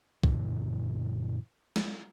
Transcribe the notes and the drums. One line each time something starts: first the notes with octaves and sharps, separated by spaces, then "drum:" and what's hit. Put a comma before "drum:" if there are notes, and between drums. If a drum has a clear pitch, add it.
F#2 A#2 D3 E3, drum: kick C2
drum: snare